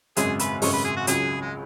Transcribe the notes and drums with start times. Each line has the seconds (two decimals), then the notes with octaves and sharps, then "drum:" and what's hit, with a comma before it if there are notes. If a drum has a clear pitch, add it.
0.17 G#1 F#2 C#3 G#3 G#4, drum: hi-hat
0.39 B4, drum: hi-hat
0.62 G#1 F#2 C#3 G#3 C#5, drum: open hi-hat
0.73 B4
0.85 G#4
0.96 F#4
1.07 C#2 C#3 F#3 G#4, drum: hi-hat
1.41 G#3